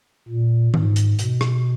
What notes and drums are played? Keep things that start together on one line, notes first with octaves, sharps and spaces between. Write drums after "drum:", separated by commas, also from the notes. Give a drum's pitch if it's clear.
A#2
G#2, drum: tom D#3
drum: hi-hat
B2, drum: hi-hat
drum: rim click